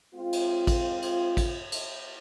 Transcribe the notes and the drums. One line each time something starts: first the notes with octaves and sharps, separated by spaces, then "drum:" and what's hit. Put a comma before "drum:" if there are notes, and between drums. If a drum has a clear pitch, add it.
G#3 C4 F4
drum: cymbal
drum: kick A1, cymbal
drum: cymbal
drum: kick A1, cymbal
drum: cymbal